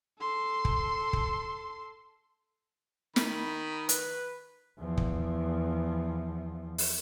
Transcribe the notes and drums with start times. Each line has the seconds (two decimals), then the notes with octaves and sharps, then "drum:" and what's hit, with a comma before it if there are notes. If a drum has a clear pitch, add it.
0.19 A4 C6
0.65 drum: kick
1.13 drum: kick
3.16 D#3 B5, drum: snare
3.89 B4, drum: hi-hat
4.79 E2 F3
4.97 drum: kick
6.78 drum: open hi-hat